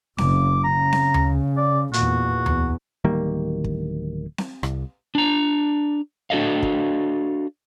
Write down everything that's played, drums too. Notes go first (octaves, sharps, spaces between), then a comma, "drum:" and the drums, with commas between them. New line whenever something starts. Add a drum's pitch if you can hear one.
F#1 C#3 D6, drum: snare C4
C#3 A#5
drum: snare C4
drum: tom D2
D5
E2 A#2 F#4, drum: hi-hat
E2, drum: tom D2
D1 D#3 G3 A#3
drum: kick
drum: snare C4
C2, drum: rim click
D4 A#5
D4 F#4 A4 D#5 F5
drum: kick